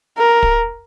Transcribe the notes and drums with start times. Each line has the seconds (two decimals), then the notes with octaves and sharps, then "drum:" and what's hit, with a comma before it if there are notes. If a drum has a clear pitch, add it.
0.17 A#4
0.43 drum: kick